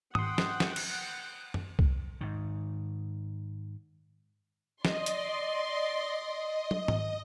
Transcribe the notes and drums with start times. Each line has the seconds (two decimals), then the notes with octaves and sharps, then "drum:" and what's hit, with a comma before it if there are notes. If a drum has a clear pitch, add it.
0.15 F#5 G5 C6 D#6, drum: tom G#2
0.38 drum: snare
0.60 drum: snare
0.76 drum: cymbal
1.54 drum: tom F#2
1.79 drum: kick C2
2.21 G#2 D#3
4.85 D5 D#5 C6, drum: snare
5.06 drum: hi-hat
6.71 drum: tom
6.88 drum: tom G#2